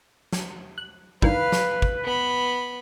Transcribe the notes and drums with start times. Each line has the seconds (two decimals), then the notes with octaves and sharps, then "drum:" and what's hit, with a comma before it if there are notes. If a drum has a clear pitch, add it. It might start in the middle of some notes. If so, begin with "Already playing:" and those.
0.33 drum: snare
0.78 F#6
1.22 G2 D#3 E3 B4 F5, drum: kick
1.52 drum: snare
1.82 drum: kick
2.04 B3 B5